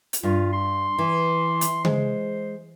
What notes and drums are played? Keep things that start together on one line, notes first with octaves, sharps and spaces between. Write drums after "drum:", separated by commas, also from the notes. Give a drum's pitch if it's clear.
drum: hi-hat
G2 F4
C6
E3
drum: hi-hat
G#3 C5, drum: tom C#3